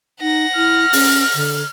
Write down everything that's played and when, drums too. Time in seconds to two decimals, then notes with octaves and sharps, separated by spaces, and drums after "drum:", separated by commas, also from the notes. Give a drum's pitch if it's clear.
0.21 D#4 F#5 A#6
0.56 E4 F6
0.93 C#4, drum: open hi-hat
1.35 D3